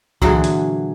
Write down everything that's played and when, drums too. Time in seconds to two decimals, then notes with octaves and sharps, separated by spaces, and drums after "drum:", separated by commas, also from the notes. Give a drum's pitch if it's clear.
0.22 A#2 D3 E3 F#3 G#4, drum: kick C2
0.44 drum: hi-hat